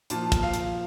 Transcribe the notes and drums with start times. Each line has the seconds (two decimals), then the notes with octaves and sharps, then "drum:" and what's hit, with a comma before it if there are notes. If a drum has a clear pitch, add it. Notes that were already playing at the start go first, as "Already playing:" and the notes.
0.10 A#2 F3 A5, drum: hi-hat
0.32 drum: kick, hi-hat
0.43 F5
0.54 drum: hi-hat